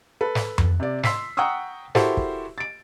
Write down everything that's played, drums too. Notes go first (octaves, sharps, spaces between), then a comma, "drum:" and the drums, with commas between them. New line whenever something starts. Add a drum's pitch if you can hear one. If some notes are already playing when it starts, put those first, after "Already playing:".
A4 B4
drum: snare
drum: tom F2
C3 D5
C6 E6 B6 C7, drum: snare
F#5 G5 A#5 C#6 D#6 E6
E4 F#4 G4 A4 A#4 C5, drum: snare
drum: kick
A6 D7